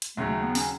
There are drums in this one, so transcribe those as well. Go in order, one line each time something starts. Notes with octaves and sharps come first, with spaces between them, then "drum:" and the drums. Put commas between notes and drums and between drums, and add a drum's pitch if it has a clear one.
drum: hi-hat
D#2 C#3 F#3 A3
A3
B3
C#4, drum: open hi-hat